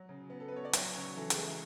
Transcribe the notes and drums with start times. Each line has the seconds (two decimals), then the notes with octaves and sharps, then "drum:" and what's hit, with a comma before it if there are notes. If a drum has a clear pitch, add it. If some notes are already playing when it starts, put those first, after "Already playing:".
Already playing: F#3
0.09 C#3
0.30 B3
0.40 A4
0.48 B4
0.52 B3 C#5
0.65 D5
0.73 F#3 E5, drum: hi-hat
0.94 C#3 C#5
1.16 E3 A4
1.30 G#4, drum: hi-hat
1.37 G#3
1.46 E4